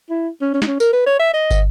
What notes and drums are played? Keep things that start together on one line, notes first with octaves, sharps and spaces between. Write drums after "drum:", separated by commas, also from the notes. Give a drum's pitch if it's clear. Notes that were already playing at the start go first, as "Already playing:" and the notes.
E4
C#4
C#4
D#4, drum: snare
C#4
A#4, drum: tambourine
B4
C#5
E5
D#5
drum: kick, tambourine